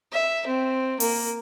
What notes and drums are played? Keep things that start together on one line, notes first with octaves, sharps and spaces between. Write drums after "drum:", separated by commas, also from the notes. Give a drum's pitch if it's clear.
E5
C4
A#3, drum: open hi-hat